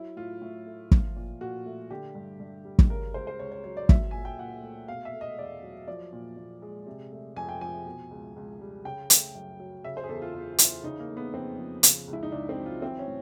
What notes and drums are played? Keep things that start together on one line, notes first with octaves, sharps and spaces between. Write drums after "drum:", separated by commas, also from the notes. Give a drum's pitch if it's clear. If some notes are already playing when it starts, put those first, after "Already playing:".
Already playing: F#3 E4
A2 F4
A2
A3
F3, drum: kick
A#2
A#2 F#4
A3
D3 G4
G2
G2
G3
drum: kick
C#3 A#4
C#2 C5
C5
C#2 C#5
C#5
F#3 C#5
D5
F#3 E5, drum: kick
A#2 G#5
G5
A#2 F#5
A3
B2 F5
E5
A3
D#5
E2 D5
F#3
F3 D5
A#2
A#2
G#3
C3
A3
F2 G#5
G5
F3 G#5
B2
C#2
C#2
G3
C#3 G5
A3, drum: hi-hat
F#2
F#3
C#3 E5
C5
G#4
E2 A4
F4
E2
E3, drum: hi-hat
C#3 D#4
A#3
A3
B3
F2 C4
F3
C#3, drum: hi-hat
C#2
E4
D#4
C#2 D4
C4
F#3
F4
E3 C4
C#4
A2